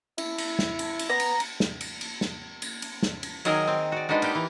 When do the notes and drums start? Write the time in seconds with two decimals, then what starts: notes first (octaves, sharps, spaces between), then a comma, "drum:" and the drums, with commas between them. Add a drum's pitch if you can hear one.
0.18 E4, drum: cymbal
0.38 drum: cymbal
0.59 drum: snare
0.79 drum: cymbal
0.99 drum: cymbal
1.10 B3 A#5
1.20 drum: cymbal
1.40 drum: cymbal
1.60 drum: snare
1.81 drum: cymbal
2.01 drum: cymbal
2.21 drum: snare
2.62 drum: cymbal
2.82 drum: cymbal
3.03 drum: snare
3.23 drum: cymbal
3.45 D#3 F#3 G#4 A#4 D#5, drum: cymbal
3.67 C4
3.92 F#4 D5
4.09 G#3 B3 D4 D#4 F#4
4.22 A#3 D#4 G4, drum: cymbal
4.35 E3